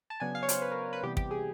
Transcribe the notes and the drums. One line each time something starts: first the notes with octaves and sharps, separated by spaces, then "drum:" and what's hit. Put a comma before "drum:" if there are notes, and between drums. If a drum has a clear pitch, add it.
A5
C#3 F#3 B3 D4 G#5
F5
C#5
C5, drum: hi-hat
B4
A#4
B4
C3 E3 G3 B3 G4
G4, drum: kick
G#4